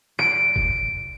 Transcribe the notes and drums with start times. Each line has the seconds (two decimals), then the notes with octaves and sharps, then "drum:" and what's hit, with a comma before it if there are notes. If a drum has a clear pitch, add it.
0.19 D7
0.56 drum: kick